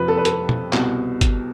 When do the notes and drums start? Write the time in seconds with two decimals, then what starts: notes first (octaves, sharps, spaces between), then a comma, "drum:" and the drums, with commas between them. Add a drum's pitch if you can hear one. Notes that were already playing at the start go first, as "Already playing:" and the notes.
Already playing: F2 C3 F3 B4
0.08 A4
0.18 B4
0.25 A4, drum: hi-hat
0.49 drum: tom B2
0.73 C2 B2, drum: clap
1.21 drum: kick, hi-hat